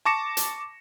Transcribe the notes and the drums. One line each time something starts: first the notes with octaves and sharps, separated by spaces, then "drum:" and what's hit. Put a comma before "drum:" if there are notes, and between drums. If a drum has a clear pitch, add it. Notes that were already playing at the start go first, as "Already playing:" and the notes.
A5 C#6 D6 A#6 C#7 E7
drum: hi-hat